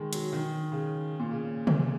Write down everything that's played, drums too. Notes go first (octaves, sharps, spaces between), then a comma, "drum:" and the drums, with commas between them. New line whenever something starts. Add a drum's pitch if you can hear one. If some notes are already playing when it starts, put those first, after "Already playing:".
Already playing: D#3 G#3
F#3, drum: hi-hat
D#3
C#3
A#2
C#3
drum: tom C3